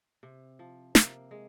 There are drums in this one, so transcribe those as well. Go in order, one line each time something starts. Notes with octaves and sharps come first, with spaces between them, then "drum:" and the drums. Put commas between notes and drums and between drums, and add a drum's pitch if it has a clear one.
C3
F3
C3 A#3, drum: snare
G#3